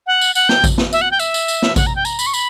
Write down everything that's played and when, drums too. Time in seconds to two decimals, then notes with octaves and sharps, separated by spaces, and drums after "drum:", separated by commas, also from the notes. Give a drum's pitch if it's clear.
0.07 F#5
0.21 drum: tambourine
0.35 F#5, drum: tambourine
0.49 G5, drum: snare
0.64 drum: kick A1, tambourine
0.78 drum: snare
0.93 E5, drum: tambourine
1.01 F#5
1.11 G5
1.19 E5, drum: tambourine
1.34 drum: tambourine
1.48 drum: tambourine
1.62 drum: snare
1.76 F#5, drum: kick A1, tambourine
1.86 A#5
1.96 G5
2.05 A#5, drum: tambourine
2.19 B5, drum: tambourine
2.26 C#6
2.34 B5, drum: tambourine